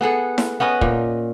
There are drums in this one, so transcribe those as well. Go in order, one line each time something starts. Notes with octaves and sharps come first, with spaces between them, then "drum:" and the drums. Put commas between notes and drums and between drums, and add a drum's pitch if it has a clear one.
B3 G#4 A4 F#5
drum: snare E4
B3 C#4 B4 D#5
A#2, drum: kick